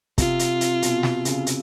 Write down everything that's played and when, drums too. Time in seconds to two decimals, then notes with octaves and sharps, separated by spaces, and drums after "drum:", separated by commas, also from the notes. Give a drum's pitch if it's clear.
0.18 C3 F4, drum: kick, hi-hat
0.39 drum: hi-hat
0.61 drum: hi-hat
0.82 B2, drum: hi-hat
1.03 B2, drum: snare
1.25 C#3, drum: hi-hat
1.47 drum: hi-hat